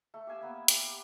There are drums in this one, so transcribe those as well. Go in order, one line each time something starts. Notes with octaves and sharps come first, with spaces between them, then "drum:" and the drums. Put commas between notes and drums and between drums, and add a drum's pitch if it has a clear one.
A3
G4 F5 G#5 E6
A#3 B3 E5
E5
G4, drum: hi-hat
B5